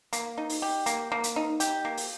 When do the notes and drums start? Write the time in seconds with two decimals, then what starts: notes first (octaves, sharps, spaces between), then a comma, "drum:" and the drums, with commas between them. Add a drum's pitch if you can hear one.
0.13 A#3, drum: hi-hat
0.38 D#4
0.50 drum: open hi-hat
0.62 G4
0.86 A#3, drum: hi-hat
1.12 A#3
1.24 drum: hi-hat
1.36 D#4
1.60 G4, drum: hi-hat
1.85 A#3
1.98 drum: open hi-hat